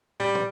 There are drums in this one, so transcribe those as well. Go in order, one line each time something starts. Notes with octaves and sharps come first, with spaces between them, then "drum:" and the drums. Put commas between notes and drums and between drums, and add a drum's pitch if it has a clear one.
G3, drum: tom
drum: tom